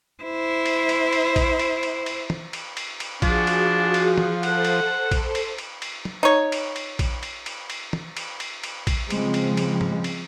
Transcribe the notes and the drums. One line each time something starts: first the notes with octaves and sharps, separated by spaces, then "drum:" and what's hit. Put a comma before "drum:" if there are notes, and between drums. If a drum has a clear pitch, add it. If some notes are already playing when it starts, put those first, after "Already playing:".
E4 C5
drum: cymbal
drum: cymbal
drum: cymbal
drum: kick A#1, cymbal
drum: cymbal
drum: cymbal
drum: cymbal
drum: tom
drum: cymbal
drum: cymbal
drum: cymbal
F3 D4 F#4 G#4 F#5, drum: kick A#1, cymbal
drum: cymbal
drum: cymbal
drum: tom
A4 C5 F#5 A5, drum: cymbal
drum: cymbal
drum: kick A#1, cymbal
drum: cymbal
drum: cymbal
drum: cymbal
drum: tom
D#4 C#5
drum: cymbal
drum: cymbal
drum: kick A#1, cymbal
drum: cymbal
drum: cymbal
drum: cymbal
drum: tom
drum: cymbal
drum: cymbal
drum: cymbal
drum: kick A#1, cymbal
C#3 F3 G#3 C4, drum: cymbal
drum: cymbal
drum: cymbal
drum: tom
drum: cymbal